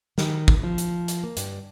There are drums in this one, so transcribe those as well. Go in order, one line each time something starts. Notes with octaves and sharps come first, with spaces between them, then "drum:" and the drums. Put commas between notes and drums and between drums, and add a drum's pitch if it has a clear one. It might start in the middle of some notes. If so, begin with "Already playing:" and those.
D#3, drum: snare
drum: kick
F3
drum: hi-hat
drum: hi-hat
A#3
G2, drum: hi-hat